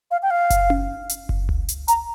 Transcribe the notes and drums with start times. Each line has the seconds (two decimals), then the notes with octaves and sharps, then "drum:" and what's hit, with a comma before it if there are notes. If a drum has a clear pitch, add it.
0.11 F5
0.23 G5
0.30 F5
0.50 drum: kick F#1, hi-hat
0.70 drum: tom C#4
1.09 drum: hi-hat
1.29 drum: kick F#1
1.49 drum: tom C#2
1.69 drum: hi-hat
1.88 A#5, drum: hi-hat